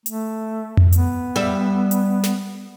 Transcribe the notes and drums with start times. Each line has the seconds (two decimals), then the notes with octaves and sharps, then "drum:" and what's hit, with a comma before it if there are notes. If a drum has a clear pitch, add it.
0.06 A3, drum: hi-hat
0.77 drum: tom F2
0.92 B3, drum: hi-hat
1.36 G3 E5
1.91 drum: hi-hat
2.24 drum: snare